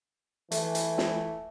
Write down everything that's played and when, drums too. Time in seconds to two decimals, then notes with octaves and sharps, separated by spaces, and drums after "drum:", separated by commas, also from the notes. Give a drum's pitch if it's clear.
0.52 E3 A3, drum: hi-hat
0.75 drum: hi-hat
0.98 drum: snare